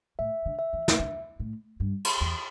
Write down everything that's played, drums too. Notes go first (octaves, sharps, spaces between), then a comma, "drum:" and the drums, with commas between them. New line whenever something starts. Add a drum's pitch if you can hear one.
A2 E5
D3
E5
E3
drum: snare
D3
A2
G2
drum: cymbal
E2